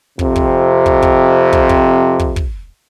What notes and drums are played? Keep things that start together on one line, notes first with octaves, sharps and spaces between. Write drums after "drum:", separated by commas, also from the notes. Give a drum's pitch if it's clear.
F2 C3, drum: kick
drum: kick
drum: kick
drum: kick
drum: kick
drum: kick
drum: kick
drum: kick